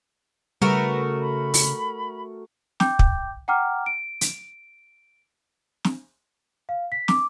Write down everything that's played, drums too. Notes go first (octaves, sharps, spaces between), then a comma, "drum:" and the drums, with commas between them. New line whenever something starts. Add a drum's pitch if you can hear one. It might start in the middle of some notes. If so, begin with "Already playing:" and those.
C#3 G3 A3 F#4 A#4 B4
B5
drum: open hi-hat
G5 D6 G6, drum: snare
drum: kick
F#5 G5 A#5 D6 F6
D7
drum: hi-hat
drum: snare
F5
B6
D6, drum: snare